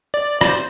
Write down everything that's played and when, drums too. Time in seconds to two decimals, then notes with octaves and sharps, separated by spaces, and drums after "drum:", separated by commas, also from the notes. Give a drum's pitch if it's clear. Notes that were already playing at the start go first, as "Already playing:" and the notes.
0.14 D5
0.41 D5, drum: rim click
0.48 C5